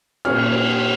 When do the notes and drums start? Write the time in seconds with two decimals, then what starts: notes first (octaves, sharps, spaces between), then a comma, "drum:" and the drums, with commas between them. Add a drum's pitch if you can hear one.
0.25 A#2 C#4 C#5 F6, drum: cymbal